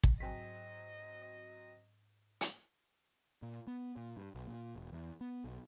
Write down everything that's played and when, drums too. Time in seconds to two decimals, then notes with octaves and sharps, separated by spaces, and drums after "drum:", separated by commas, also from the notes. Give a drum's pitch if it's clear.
0.04 drum: kick
0.20 G#2 F#3 C4 D#5 G5 G#5 B6
2.41 drum: hi-hat
3.42 A#2
3.67 B3
3.96 A#2
4.17 G2
4.35 B1
4.47 A#2
4.76 E1
4.92 E2
5.21 B3
5.44 B1